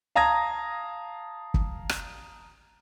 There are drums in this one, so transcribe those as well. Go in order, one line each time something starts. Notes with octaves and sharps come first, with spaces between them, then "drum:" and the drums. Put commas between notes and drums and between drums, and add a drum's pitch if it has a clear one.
F5 A5 A#5 D#6 G#6 A#6
drum: kick
drum: rim click